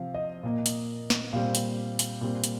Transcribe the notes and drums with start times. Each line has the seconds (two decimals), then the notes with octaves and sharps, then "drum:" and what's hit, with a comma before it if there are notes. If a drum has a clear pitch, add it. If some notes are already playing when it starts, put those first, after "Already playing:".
Already playing: C3 F3 C4 F5
0.14 D#5
0.43 A#2 A#3
0.66 drum: hi-hat
1.10 drum: snare
1.33 A#2 G3 C4 F5
1.55 drum: hi-hat
1.99 drum: hi-hat
2.21 A#2 G3 C4
2.44 drum: hi-hat